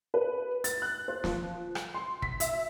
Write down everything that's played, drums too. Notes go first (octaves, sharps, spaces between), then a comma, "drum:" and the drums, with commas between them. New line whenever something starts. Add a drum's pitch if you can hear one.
B4
A6, drum: hi-hat
F#6
C5
F3, drum: snare
drum: rim click
C6
B6, drum: kick
E5, drum: hi-hat